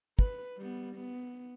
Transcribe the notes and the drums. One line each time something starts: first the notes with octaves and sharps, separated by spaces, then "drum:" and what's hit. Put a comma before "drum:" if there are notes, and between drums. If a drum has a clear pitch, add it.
B4, drum: kick
G3 B3
B3